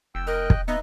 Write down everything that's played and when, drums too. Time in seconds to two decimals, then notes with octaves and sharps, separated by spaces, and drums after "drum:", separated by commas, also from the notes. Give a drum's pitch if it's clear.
0.15 F1 G5 E6
0.27 A#4 D#5 G5 F#6
0.50 drum: kick
0.68 B3 D#4 B4 D#5 E5